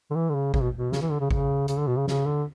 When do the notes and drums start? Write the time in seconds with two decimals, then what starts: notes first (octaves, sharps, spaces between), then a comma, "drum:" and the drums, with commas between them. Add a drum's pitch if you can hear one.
0.11 D3
0.15 E3
0.29 D3
0.35 C#3
0.54 C#3, drum: kick G#1
0.61 B2
0.77 B2
0.92 C#3, drum: snare
1.01 E3
1.11 D3
1.20 C#3
1.31 C#3, drum: kick G#1
1.68 C#3, drum: hi-hat
1.78 D3
1.87 B2
1.97 C#3
2.08 C#3, drum: snare
2.26 D3